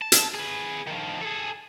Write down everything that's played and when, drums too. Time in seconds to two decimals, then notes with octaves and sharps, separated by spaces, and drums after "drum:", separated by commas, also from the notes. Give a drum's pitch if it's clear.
0.02 A5
0.12 drum: hi-hat
0.34 G#4 B4
0.87 D#3 F3
1.21 G#4 A4